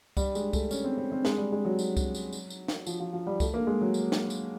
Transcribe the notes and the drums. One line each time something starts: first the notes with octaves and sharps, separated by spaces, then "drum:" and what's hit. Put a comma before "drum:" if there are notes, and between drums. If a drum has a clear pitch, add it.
G3, drum: kick C2, tambourine
G#3, drum: tambourine
A3, drum: kick C2, tambourine
C#4, drum: tambourine
C4
C4
C4
G#3, drum: snare
G3
G#3
F#3
drum: tambourine
drum: kick C2, tambourine
drum: tambourine
drum: tambourine
drum: tambourine
drum: snare
F3, drum: tambourine
F3
F3
G3
A3, drum: kick C2, tambourine
A#3
G#3
F#3
drum: tambourine
drum: snare
drum: tambourine